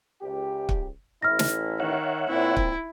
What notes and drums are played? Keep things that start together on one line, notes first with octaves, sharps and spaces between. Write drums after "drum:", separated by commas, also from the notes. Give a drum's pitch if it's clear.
C#2 G4
drum: kick
A1 E4 F6 A#6
drum: snare
D#3 C#5 E5 F#5
A#2 C4 E4
drum: kick